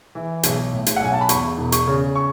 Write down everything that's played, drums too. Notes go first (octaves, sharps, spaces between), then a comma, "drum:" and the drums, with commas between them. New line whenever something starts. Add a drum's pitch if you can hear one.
E3
B1, drum: hi-hat
A2
drum: hi-hat
F#5
B1 G#5
A5
B5
E2 C#6, drum: hi-hat
E1
C#6, drum: hi-hat
C#3
C#6